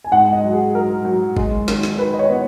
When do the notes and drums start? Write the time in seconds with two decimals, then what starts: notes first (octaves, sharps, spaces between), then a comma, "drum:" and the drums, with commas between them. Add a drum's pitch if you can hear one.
0.04 G#5
0.11 G#2 F#5
0.32 D#5
0.44 F#3
0.53 G#4
0.75 F#3 A#4
1.05 F#3
1.37 G#3, drum: kick
1.68 D#3, drum: snare
1.83 drum: snare
1.98 D#3 B4
2.14 D#5
2.19 C#5
2.30 B3